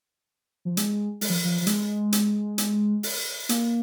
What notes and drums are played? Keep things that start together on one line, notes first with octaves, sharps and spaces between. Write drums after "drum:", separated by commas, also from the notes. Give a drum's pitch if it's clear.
F3
G#3, drum: hi-hat
G#3, drum: open hi-hat
F3
F3
F3
G#3, drum: hi-hat
drum: hi-hat
drum: hi-hat
drum: open hi-hat
A#3, drum: hi-hat